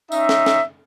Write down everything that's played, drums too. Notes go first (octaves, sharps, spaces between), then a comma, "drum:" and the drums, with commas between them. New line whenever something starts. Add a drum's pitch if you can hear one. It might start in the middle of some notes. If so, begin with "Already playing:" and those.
C#4 D#4 E5, drum: tambourine
drum: snare
drum: snare